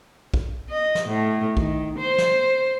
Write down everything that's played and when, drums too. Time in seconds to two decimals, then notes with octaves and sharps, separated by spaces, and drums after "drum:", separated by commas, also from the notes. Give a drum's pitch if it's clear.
0.34 drum: kick A#1
0.70 D#5
0.95 drum: snare
1.07 A2
1.57 D#3, drum: kick A#1
1.98 C5
2.18 drum: snare